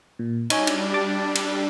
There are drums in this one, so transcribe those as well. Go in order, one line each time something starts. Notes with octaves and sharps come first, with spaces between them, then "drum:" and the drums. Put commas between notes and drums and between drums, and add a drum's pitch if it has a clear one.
A#2
G3 D4 D#4 C#5 G#5, drum: cymbal
drum: cymbal
D6 A6
drum: cymbal